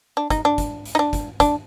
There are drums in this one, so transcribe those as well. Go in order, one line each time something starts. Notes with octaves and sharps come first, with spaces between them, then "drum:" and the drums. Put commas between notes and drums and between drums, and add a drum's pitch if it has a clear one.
D4
D#4, drum: kick, hi-hat
D4
drum: kick, hi-hat
drum: hi-hat
D#4
D4
drum: kick, hi-hat
D4, drum: kick, hi-hat